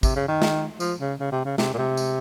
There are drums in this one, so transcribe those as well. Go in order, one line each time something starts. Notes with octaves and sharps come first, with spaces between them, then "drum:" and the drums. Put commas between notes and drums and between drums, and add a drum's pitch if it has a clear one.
C3, drum: kick, tambourine
C#3
D#3
drum: snare
F3, drum: tambourine
C#3
C#3
C3
C#3
C3, drum: snare
A#2
C3
drum: tambourine